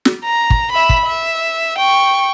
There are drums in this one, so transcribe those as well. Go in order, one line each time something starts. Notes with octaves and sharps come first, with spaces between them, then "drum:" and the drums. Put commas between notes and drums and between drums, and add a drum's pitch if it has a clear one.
drum: snare
A#5
drum: kick
E5 B5
drum: kick
E5
G5 C#6